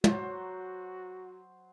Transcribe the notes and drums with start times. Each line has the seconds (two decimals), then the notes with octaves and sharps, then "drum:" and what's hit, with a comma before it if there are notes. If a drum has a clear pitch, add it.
0.04 F#3 F#4 C5, drum: tom